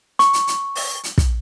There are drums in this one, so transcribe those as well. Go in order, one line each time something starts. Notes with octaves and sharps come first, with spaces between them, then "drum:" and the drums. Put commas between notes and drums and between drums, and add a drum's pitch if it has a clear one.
C#6, drum: hi-hat
drum: hi-hat
drum: hi-hat
drum: open hi-hat
drum: hi-hat
drum: kick, hi-hat